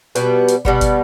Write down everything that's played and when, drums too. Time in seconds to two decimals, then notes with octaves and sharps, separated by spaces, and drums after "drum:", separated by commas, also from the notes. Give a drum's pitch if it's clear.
0.15 B2 G3 B3, drum: hi-hat
0.48 drum: hi-hat
0.65 B2 G3 B3, drum: kick
0.81 drum: kick, hi-hat